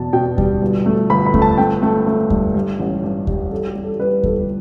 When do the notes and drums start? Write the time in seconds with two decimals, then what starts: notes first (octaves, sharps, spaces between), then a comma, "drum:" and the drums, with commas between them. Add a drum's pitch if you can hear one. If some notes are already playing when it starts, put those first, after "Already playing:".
Already playing: E2 B2 A5
0.13 B2 G5
0.38 G3, drum: kick D#2
0.61 G1
0.86 A3
1.10 G1 B5
1.26 B5
1.34 A3, drum: kick D#2
1.42 A5
1.58 A3 G5
1.82 A3
2.07 A3
2.30 G2, drum: kick D#2
2.54 G2
2.80 A1
3.04 G2
3.27 G3, drum: kick D#2
3.52 G3 A4
3.67 G4
3.75 G3
3.84 A4
4.00 G3 B4
4.23 G1 A4, drum: kick D#2